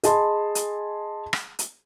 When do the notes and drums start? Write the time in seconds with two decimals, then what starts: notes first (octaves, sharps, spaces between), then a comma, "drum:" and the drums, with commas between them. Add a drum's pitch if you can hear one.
0.03 G#4 D#5 A5 B5 C6, drum: hi-hat
0.55 drum: hi-hat
1.33 drum: rim click
1.59 drum: hi-hat